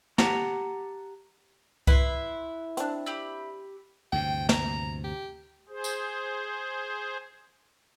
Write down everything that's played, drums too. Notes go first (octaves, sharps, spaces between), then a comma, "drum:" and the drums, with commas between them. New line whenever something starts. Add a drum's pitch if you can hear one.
G4 F#5 A5 A#5, drum: snare
E4 B4 C6, drum: kick C2
C4 D4, drum: hi-hat
G4 B5 E6
D2 G2 C3 G5
A#5, drum: snare
G4
G#4 C5
drum: tambourine